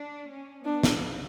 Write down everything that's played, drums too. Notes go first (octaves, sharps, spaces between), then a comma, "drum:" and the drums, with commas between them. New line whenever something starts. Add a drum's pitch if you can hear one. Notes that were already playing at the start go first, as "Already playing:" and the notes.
Already playing: D4
C#4
B3 D4
drum: snare